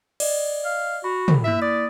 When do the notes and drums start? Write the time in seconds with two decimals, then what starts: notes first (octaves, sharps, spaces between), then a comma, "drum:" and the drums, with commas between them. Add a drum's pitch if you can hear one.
0.20 D5 D#5, drum: cymbal
0.65 F5
1.04 F#4 B5
1.28 drum: tom
1.44 A#3 E4 E5 B6
1.62 D5 D#6